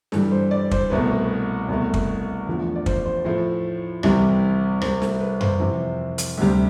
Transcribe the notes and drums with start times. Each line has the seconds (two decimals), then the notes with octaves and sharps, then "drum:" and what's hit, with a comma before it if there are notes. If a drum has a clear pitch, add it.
0.12 G2 E3 G3 A4, drum: snare
0.32 C5
0.51 D5
0.71 C5, drum: kick
0.90 C2 B2 A3 B4
1.69 C2 B2 A3
1.94 drum: kick
2.47 E2 D3 F3 A3
2.76 D5
2.86 C5, drum: kick
3.06 C5
3.25 A2 F3 A3 C5
4.03 C2 C3 E3 G3, drum: rim click
4.81 C2 C3 G3 C5, drum: rim click
5.02 A4, drum: snare
5.20 B4
5.41 C5, drum: tom F#2
5.60 F2 C3 E3
6.18 drum: hi-hat
6.37 D2 C3 G3